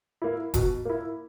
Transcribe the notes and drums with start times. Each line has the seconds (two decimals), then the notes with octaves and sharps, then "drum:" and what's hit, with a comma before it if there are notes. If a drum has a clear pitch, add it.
0.22 A#3 E4
0.54 B2, drum: kick F1, hi-hat
0.85 A#3 E4